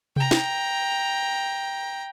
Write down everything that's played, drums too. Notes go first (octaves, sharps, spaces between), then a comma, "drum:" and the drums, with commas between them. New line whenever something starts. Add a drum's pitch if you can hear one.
G5 A#5, drum: tom C3
drum: snare